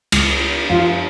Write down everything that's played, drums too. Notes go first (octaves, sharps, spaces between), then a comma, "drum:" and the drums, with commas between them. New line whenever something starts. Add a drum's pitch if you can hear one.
C#2 C#3 G#3, drum: cymbal
F#2 F3 G#3 F4